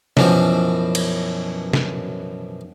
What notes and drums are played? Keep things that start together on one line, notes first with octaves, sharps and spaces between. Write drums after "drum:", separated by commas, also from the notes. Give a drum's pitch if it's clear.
F#2 B2 E3 F3, drum: snare
drum: cymbal
drum: snare